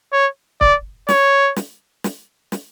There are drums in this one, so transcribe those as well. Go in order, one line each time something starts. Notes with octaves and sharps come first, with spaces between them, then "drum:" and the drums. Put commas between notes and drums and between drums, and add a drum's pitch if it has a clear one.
C#5
D5, drum: kick C#1
C#5, drum: snare
drum: snare
drum: snare
drum: snare